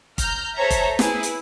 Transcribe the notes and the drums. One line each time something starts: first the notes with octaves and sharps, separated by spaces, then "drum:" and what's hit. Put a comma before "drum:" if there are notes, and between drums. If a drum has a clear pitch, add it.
A#5 F6 G6, drum: kick, hi-hat
A4 C5 C#5 E5 A#5
drum: kick, hi-hat
E4 G#4 B4, drum: snare
drum: hi-hat